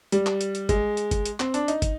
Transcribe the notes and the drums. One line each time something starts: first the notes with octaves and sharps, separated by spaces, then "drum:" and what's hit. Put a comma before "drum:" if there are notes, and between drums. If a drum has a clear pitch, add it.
G3, drum: hi-hat
drum: clap
drum: hi-hat
drum: hi-hat
G#3, drum: kick, hi-hat
drum: hi-hat
drum: kick, hi-hat
drum: hi-hat
C4, drum: clap
D4, drum: hi-hat
D#4, drum: hi-hat
drum: kick, hi-hat